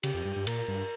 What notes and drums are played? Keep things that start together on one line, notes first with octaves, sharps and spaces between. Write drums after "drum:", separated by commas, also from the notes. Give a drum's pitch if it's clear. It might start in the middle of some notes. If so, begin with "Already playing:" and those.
C#3 G4, drum: cymbal
F2
G2
G2
A#2 A#4, drum: cymbal
G2